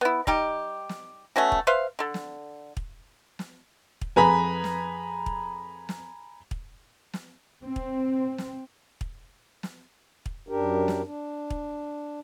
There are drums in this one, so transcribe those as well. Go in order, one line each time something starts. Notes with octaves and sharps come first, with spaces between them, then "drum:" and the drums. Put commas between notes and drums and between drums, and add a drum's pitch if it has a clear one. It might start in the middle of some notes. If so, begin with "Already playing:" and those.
B3 E4
G3 D#4 G4, drum: kick
drum: snare
A3 B3 C#4 F#4
drum: kick
B4 C5 E5 F5
D3 A4
drum: snare
drum: kick
drum: snare
drum: kick
F2 G#4 B4 G#5 A#5 B5
drum: snare
drum: kick
drum: snare
drum: kick
drum: snare
C4
drum: kick
drum: snare
drum: kick
drum: snare
drum: kick
F#2 D4 G4 A#4
drum: snare
D4
drum: kick